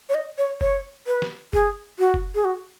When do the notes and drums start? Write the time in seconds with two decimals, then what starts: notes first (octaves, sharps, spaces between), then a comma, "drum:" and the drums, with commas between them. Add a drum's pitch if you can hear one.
0.09 C#5
0.15 D#5
0.38 C#5
0.61 C#5, drum: kick F#1
1.07 B4
1.22 drum: snare
1.53 G#4, drum: kick F#1
1.99 F#4
2.14 drum: kick F#1
2.35 G#4
2.44 F#4